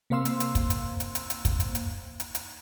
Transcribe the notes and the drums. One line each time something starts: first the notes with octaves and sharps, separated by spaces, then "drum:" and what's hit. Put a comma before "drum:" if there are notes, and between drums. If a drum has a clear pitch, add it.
C3 A#3 C5 F5 C6 E6
drum: hi-hat
drum: hi-hat
drum: kick, hi-hat
drum: hi-hat
drum: hi-hat
drum: hi-hat
drum: hi-hat
drum: kick, hi-hat
drum: hi-hat
drum: hi-hat
drum: hi-hat
drum: hi-hat